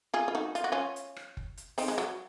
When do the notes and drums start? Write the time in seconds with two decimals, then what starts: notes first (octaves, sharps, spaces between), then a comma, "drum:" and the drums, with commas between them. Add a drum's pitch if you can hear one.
0.14 F4 G#4
0.28 F4
0.35 D#4 F#4
0.55 F4, drum: hi-hat
0.64 F#4
0.72 C#4 F4
0.96 drum: hi-hat
1.16 drum: rim click
1.37 drum: kick F#1
1.57 drum: hi-hat
1.78 C4 D#4, drum: open hi-hat
1.88 G#3
1.98 F#3